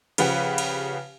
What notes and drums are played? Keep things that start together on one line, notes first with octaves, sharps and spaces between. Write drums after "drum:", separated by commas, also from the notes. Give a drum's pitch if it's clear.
C#3 F3 G4 B4 F#5, drum: cymbal
drum: cymbal